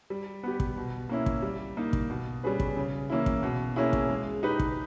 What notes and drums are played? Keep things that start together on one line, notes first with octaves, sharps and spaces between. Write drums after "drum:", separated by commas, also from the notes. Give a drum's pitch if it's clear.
G3
B3 G4
drum: kick
B2
A#3 C#4 E4
drum: kick
G3
A#3 D#4
drum: kick
B2
G3 C#4 G#4 B4
drum: kick
C#3
E3 A#3 C#4 E4
drum: kick
B2
A#3 C#4 E4 G#4
drum: kick
G#3
D#4 G4 B4
drum: kick